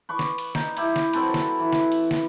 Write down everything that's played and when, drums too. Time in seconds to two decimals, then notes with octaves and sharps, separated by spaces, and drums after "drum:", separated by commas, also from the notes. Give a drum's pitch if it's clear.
0.09 B4 C#6 D6
0.19 drum: snare
0.38 drum: cymbal
0.55 D#4, drum: snare
0.77 E4 G4 E5, drum: cymbal
0.96 drum: snare
1.13 F#3 C4 A4 B4, drum: cymbal
1.34 drum: snare
1.59 E3
1.73 drum: snare
1.92 drum: cymbal
2.11 drum: snare